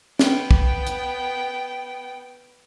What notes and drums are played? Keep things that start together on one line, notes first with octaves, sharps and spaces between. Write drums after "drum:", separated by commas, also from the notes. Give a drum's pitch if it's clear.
B3 G5, drum: snare
drum: kick
drum: hi-hat